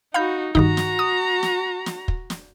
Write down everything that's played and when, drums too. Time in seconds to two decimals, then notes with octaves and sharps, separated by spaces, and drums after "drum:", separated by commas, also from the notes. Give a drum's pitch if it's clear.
0.14 D#4 F#4 F5 B5 G6
0.55 G2 D#3 D#4 F#4 A#5, drum: kick
0.77 drum: snare
0.99 D#6
1.43 drum: snare
1.86 drum: snare
2.08 drum: kick
2.30 drum: snare